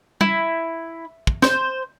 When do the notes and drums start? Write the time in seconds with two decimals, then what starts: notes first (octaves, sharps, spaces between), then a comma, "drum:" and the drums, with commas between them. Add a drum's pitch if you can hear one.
0.21 E4, drum: tom G3
1.27 drum: kick
1.42 C5, drum: snare